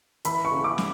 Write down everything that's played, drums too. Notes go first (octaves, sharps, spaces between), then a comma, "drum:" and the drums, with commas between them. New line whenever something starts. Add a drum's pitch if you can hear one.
E3 B5, drum: hi-hat
C#6
C#3
D6
drum: snare